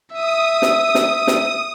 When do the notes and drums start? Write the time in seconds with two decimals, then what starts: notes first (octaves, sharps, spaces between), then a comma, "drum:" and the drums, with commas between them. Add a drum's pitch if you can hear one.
0.13 E5 D#6
0.62 drum: snare
0.95 drum: snare
1.27 drum: snare